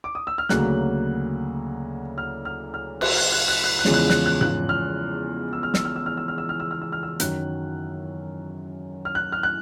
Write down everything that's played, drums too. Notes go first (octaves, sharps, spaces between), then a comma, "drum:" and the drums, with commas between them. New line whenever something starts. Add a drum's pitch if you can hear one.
D6
D#6
E6
F6
D2 C#3 F#3 A#3 F#6, drum: snare
F6
F6
F6
F#6, drum: cymbal
F#6
F#6
F#6
F#6
F#6
E2 C#3 F3 G#3 C#4, drum: snare
F#6
F#6, drum: snare
F#6
F#6, drum: tom G#2
F6
E6
F6
E6, drum: snare
F6
E6
F6
E6
F6
E6
F6
E6
F6
E6
F6
E6
F#2 D#3 F#3 F#6, drum: hi-hat
F6
F#6
F6
F#6